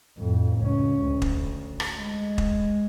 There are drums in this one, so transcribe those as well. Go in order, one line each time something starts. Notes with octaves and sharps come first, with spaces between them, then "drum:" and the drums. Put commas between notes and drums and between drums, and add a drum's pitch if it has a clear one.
F2 A2
C#2 C#4
D2
drum: kick
drum: rim click
G#3
drum: kick